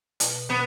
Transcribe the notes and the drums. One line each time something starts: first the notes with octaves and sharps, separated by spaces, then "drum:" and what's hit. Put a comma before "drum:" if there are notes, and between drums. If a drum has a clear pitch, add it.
B2, drum: hi-hat
B2 B3